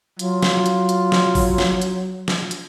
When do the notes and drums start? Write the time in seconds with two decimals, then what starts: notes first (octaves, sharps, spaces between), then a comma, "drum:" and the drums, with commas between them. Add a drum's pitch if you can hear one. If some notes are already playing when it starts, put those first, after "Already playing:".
0.19 F#3 F4, drum: hi-hat
0.43 drum: snare
0.66 drum: hi-hat
0.89 drum: hi-hat
1.12 drum: snare
1.35 drum: kick, open hi-hat
1.58 drum: snare
1.81 drum: hi-hat
2.28 drum: snare
2.51 drum: hi-hat